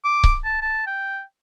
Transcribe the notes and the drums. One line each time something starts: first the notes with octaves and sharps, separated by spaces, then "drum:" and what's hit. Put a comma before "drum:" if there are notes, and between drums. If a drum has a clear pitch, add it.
D6
drum: kick C#1
A5
A5
G5